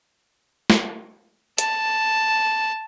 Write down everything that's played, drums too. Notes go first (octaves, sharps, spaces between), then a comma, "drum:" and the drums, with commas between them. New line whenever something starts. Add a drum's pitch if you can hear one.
drum: snare
A5, drum: hi-hat